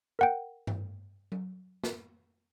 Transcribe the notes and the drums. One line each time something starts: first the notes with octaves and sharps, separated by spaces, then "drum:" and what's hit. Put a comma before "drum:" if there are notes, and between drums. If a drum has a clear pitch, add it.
A#4 F#5 G5
drum: tom G2
drum: tom F#3
drum: snare